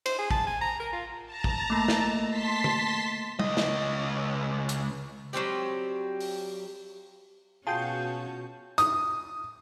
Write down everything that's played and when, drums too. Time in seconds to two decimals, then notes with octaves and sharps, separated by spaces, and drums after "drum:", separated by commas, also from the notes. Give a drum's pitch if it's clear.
0.06 C5, drum: cymbal
0.18 G#4
0.31 A5, drum: kick
0.46 G#5
0.61 A#5
0.80 A#4
0.92 F4
1.26 A5 A#5
1.44 drum: kick
1.70 A3 A#3
1.88 drum: snare
2.28 A5 C6 B6
2.64 drum: tom
3.39 C#2 D#5, drum: tom
3.57 drum: snare
4.69 drum: hi-hat
5.33 F#3 G3 C4 G4
6.20 drum: open hi-hat
7.67 B2 C#4 F4 F#4 G#4 G5 A5 G6
8.78 D#6, drum: hi-hat